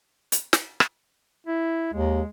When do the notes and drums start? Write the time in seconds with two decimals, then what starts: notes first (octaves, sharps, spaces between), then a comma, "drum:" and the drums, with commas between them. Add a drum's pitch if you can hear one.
0.32 drum: hi-hat
0.53 drum: snare
0.80 drum: rim click
1.47 E4
1.93 D#2 G#3